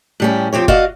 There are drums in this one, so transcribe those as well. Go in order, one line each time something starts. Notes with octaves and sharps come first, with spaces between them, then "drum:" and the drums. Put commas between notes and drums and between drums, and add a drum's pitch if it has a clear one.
A2 G3 C#4
F2 C4 G4 C#5
F#4 D5 D#5 F5, drum: kick